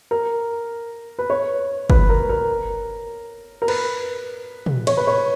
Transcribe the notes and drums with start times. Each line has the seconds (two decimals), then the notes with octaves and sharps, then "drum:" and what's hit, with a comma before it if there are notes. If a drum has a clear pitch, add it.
0.11 A#4
1.19 B4
1.30 C#5
1.90 B4, drum: kick
2.09 A#4
2.29 A#4
3.62 A#4
3.68 B4, drum: cymbal
4.66 drum: tom
4.87 C#5, drum: cymbal
4.97 B4
5.07 C#5